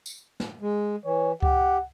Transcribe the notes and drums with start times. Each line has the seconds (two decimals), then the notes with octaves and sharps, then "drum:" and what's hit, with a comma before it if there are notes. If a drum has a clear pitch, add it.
0.06 drum: tambourine
0.40 drum: snare
0.61 G#3
1.05 E3 C#5
1.42 G4 F#5, drum: kick C#2